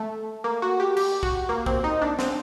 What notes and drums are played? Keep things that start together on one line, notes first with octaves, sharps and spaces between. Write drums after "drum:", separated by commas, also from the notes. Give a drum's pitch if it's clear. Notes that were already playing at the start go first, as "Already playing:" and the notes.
Already playing: A3
A#3
F#4
G4
G4, drum: cymbal
F#4, drum: kick
A#3
C4, drum: kick
D#4
D4
C4, drum: snare